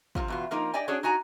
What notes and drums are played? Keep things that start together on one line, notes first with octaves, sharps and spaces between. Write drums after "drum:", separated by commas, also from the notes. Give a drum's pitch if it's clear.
C3 F3 F4, drum: kick
E2 B2 F4
F3 A#3 C4 D#4
G4 D5 D#5 G5 G#5
C#4 D4 F#4 G#4 C#5 D5
D#4 F#4 G#5 A#5